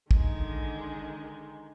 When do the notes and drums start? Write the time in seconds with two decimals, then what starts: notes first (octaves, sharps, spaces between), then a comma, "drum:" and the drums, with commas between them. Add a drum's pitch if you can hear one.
0.11 D3 D#3 G#3, drum: kick